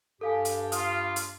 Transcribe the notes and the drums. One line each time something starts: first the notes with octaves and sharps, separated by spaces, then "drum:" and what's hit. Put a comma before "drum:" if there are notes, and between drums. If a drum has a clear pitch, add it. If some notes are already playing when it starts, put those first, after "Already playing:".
G2 G4 A4 F5 G#5
drum: hi-hat
F4 D#6 F6, drum: hi-hat
drum: hi-hat